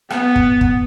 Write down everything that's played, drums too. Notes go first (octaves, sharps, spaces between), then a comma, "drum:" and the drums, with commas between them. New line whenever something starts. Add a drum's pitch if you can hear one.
B3, drum: rim click
drum: kick
drum: kick